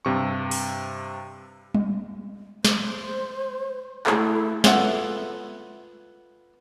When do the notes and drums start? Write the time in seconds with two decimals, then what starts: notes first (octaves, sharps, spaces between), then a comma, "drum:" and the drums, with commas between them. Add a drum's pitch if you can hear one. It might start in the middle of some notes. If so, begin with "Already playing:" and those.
0.05 G2 C3 C#6
0.51 drum: open hi-hat
1.74 drum: tom G3
2.65 C5, drum: snare
4.06 A3 E4 A4, drum: clap
4.64 B3 F4 A4 E5 F#5, drum: snare